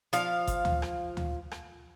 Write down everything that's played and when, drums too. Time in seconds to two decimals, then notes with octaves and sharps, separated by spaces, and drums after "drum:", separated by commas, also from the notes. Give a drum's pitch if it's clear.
0.13 F3 F5, drum: hi-hat
0.47 drum: kick G1, hi-hat
0.65 drum: tom D2
0.82 drum: rim click
1.17 drum: tom D2
1.52 drum: rim click